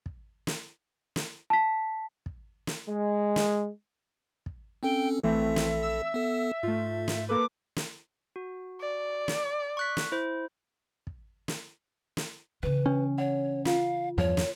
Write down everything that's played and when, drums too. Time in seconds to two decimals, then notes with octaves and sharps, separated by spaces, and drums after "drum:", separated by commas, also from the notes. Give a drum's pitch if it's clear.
0.06 drum: kick
0.47 drum: snare
1.16 drum: snare
1.50 A5 B6
2.26 drum: kick
2.67 drum: snare
2.88 G#3
3.36 drum: snare
4.46 drum: kick
4.83 C4 C#4 A4 G5
5.23 A#1 E3 A3 C4 A4 E5
5.56 drum: snare
5.82 E6
6.14 B3 A4
6.63 G#2 A3 F4
7.08 drum: snare
7.29 A#3 A4 B4 D6
7.76 drum: snare
8.36 F#4
8.81 D5
9.28 drum: snare
9.77 C#6 F#6 B6
9.97 drum: snare
10.12 E4 C5
11.07 drum: kick
11.48 drum: snare
12.17 drum: snare
12.63 C#3 E3 B4
12.86 C#4 D4
13.18 C#5 F#5
13.65 F4 F5, drum: snare
14.18 E2 G2 F3 C#5
14.37 drum: snare